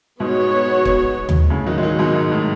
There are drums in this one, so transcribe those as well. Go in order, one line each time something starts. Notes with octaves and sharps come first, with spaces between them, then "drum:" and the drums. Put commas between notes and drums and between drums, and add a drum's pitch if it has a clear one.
G#2 B2 B3 F#4 C#5
drum: kick
drum: tom D#2
A2 C#3
D#3 F#3
G#3
D#3 F#3
G#2 B2
G#2
A2